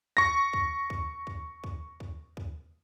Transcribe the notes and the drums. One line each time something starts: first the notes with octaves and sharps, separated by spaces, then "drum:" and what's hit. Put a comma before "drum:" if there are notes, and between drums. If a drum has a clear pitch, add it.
C#6 A#6, drum: kick D2
drum: kick D2
drum: kick D2
drum: kick D2
drum: kick D2
drum: kick D2
drum: kick D2